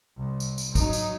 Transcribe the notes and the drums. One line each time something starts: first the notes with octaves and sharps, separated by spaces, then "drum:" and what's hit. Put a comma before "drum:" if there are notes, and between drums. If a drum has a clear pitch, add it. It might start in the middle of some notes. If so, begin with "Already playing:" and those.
C2
drum: tambourine
drum: tambourine
F#3 D#4, drum: kick, tambourine
drum: tambourine